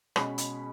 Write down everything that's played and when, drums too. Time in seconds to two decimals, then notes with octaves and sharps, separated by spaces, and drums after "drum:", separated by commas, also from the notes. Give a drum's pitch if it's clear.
0.16 B2 G#3 C#4 B5, drum: rim click
0.38 drum: hi-hat